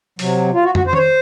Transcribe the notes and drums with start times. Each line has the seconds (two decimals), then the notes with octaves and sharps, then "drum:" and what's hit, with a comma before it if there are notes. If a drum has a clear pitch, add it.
0.19 C3 F#3, drum: open hi-hat
0.54 F4
0.64 F#4
0.75 F#4, drum: tom
0.87 C5
0.93 C#5, drum: tom D#3
0.97 C5